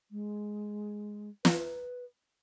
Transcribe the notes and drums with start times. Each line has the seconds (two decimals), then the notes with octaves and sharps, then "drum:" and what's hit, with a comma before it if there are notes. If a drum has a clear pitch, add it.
0.11 G#3
1.45 B4, drum: snare